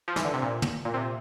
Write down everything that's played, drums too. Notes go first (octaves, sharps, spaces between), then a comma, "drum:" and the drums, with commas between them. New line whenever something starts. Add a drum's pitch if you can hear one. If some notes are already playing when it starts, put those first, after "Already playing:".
F3
E3, drum: snare
D3
C3
A#2
drum: tom
A#2
C3